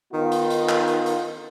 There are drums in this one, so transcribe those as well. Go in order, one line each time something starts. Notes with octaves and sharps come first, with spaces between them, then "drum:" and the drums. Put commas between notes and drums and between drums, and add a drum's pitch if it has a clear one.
D#3 B3 D#4 F4
drum: hi-hat
drum: hi-hat
drum: clap
drum: hi-hat
drum: hi-hat